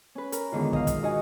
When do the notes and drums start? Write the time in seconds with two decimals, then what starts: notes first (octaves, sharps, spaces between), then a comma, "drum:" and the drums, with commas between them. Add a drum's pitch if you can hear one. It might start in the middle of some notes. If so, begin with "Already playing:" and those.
0.15 C#4 B4
0.32 A#4, drum: hi-hat
0.52 E2 G#2 D3 D#3 F4
0.73 D#5 F5, drum: kick
0.87 drum: kick, hi-hat
1.03 D#4 F#4 D#5 F#5 G#5